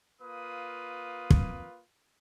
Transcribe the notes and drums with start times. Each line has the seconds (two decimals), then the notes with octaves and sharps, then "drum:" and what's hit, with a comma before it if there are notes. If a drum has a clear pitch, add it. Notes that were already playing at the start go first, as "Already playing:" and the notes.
0.20 A#3 F4 B4 D#6
1.30 drum: kick